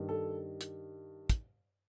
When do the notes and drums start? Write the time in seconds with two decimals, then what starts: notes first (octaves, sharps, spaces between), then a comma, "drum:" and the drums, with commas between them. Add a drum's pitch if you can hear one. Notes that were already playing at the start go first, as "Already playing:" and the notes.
Already playing: G2 D#3
0.09 A4
0.61 drum: hi-hat
1.30 drum: kick, hi-hat